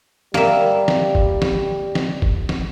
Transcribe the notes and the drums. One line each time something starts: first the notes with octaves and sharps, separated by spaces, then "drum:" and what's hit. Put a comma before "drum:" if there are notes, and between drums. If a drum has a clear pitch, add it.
G3 A#3 E5, drum: snare
drum: snare
drum: kick
drum: snare
drum: snare
drum: kick
drum: snare